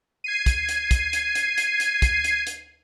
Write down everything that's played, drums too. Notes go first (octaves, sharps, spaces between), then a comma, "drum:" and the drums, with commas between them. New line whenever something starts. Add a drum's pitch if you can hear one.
G#6 C7 D#7
drum: kick, hi-hat
drum: hi-hat
drum: kick, hi-hat
drum: hi-hat
drum: hi-hat
drum: hi-hat
drum: hi-hat
drum: kick, hi-hat
drum: hi-hat
drum: hi-hat